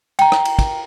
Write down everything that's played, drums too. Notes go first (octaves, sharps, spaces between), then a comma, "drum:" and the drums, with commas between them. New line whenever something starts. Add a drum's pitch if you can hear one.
G5 A#5, drum: cymbal
drum: rim click
drum: cymbal
drum: kick, cymbal